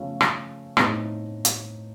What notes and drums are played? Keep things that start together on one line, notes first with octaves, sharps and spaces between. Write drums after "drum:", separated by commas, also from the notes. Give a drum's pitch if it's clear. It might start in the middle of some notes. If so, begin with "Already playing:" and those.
Already playing: C#3 F3 A3 C#4
drum: rim click
A2 A3 C4 D#4 A4, drum: rim click
drum: hi-hat